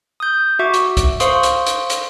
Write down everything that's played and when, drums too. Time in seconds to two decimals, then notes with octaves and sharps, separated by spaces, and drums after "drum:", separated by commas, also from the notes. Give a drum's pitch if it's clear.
0.20 D#6 G6
0.59 F#4 E5 C#6 D6
0.74 drum: hi-hat
0.97 drum: kick C2, hi-hat
1.20 C5 F5 C6 C#6 D#6, drum: hi-hat
1.43 drum: hi-hat
1.66 drum: hi-hat
1.90 drum: hi-hat